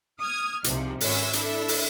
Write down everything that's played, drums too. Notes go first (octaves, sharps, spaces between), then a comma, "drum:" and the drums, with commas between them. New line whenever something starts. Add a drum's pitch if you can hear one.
D#6 F6 G#6
C2 G#2 C3 F3, drum: hi-hat
G#1 F#2 C#4 C#5 E5 E6, drum: open hi-hat
D4 E4 A4 E5, drum: hi-hat
drum: open hi-hat